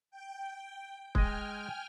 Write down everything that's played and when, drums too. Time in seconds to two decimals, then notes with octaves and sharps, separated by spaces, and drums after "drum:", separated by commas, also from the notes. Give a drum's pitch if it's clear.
0.11 G5
1.15 G#3 D#5 G5 G#5 F6, drum: kick